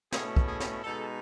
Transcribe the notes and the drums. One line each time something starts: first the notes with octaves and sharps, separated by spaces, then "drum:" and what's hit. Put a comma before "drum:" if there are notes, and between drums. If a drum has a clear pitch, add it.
B2 A3 C#4 E4 G#4, drum: snare
drum: kick
G#4
drum: snare
B2 G#3 D#4 A4